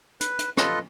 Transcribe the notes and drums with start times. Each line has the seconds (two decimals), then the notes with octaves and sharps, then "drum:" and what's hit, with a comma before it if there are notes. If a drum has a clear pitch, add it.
0.21 B4, drum: hi-hat
0.39 drum: hi-hat
0.57 F4 A4 B4 D#5, drum: rim click